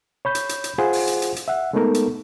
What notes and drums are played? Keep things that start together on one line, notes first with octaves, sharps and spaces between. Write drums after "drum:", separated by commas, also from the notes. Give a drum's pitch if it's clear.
C#5 B5 G6
drum: hi-hat
drum: hi-hat
drum: hi-hat
F4 G#4 C5 F#5
drum: open hi-hat
drum: hi-hat
drum: hi-hat
drum: hi-hat
E5 F#5
G#3 A3 B3 D#4 A4 A#4
drum: hi-hat